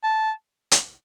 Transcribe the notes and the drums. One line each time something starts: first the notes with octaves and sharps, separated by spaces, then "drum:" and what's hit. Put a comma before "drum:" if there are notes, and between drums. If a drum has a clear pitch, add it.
A5
drum: hi-hat